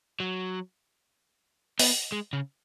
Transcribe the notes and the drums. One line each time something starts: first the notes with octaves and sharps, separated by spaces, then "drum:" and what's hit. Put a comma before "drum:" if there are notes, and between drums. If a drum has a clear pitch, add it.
F#3
B3, drum: open hi-hat
G#3
C#3